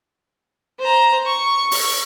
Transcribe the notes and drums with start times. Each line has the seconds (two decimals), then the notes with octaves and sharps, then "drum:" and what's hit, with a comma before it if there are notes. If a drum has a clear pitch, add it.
0.79 C5 A#5
1.26 C#6
1.71 drum: open hi-hat